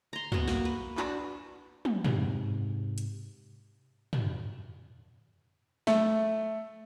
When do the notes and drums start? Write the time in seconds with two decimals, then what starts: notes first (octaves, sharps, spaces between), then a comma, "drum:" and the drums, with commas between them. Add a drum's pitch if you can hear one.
0.13 A#5 C6
0.32 B3 F#4, drum: tom
0.48 A#3, drum: snare
0.65 B4
0.98 D4 F#4 B4, drum: clap
1.85 drum: tom
2.04 G#2 C3, drum: tom
2.98 drum: hi-hat
4.13 drum: tom
5.87 A3, drum: snare